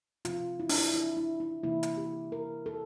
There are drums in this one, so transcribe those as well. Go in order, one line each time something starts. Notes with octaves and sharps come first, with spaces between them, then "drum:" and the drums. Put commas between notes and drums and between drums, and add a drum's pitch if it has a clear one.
C3 F3 C4 F4, drum: hi-hat
E4
D4, drum: open hi-hat
E4
E4
E4
E4
C3 E3 A#3 E4
drum: hi-hat
G4
A#4
A4